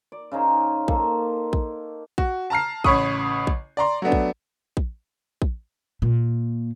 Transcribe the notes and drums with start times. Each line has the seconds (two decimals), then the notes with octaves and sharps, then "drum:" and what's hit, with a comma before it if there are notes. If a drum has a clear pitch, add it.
0.12 D5
0.32 C#3 C#4 D#4 C5
0.88 A#3 D#4 A4 C5, drum: kick
1.53 drum: kick
2.18 F#4, drum: kick
2.50 A5 A#5 F6 C7
2.84 A1 C#3 C#5 B5 C#6 D#6, drum: kick
3.47 drum: kick
3.77 D5 A#5 C6
4.02 F#3 A3 B3 D4
4.12 drum: kick
4.77 drum: kick
5.42 drum: kick
6.02 A#2